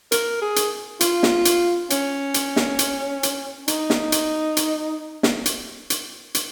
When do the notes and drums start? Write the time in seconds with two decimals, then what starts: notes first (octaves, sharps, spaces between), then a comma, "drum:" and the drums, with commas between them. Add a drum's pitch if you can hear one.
0.12 A#4, drum: hi-hat
0.42 G#4
0.56 drum: hi-hat
1.00 F4, drum: hi-hat
1.23 drum: snare
1.45 drum: hi-hat
1.90 C#4, drum: hi-hat
2.34 drum: hi-hat
2.56 drum: snare
2.79 drum: hi-hat
3.23 drum: hi-hat
3.68 D#4, drum: hi-hat
3.90 drum: snare
4.12 drum: hi-hat
4.57 drum: hi-hat
5.23 drum: snare
5.46 drum: hi-hat
5.90 drum: hi-hat
6.34 drum: hi-hat